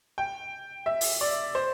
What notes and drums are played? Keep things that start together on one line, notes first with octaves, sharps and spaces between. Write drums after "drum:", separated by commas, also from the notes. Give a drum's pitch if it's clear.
G5
E5
drum: open hi-hat
D5
C5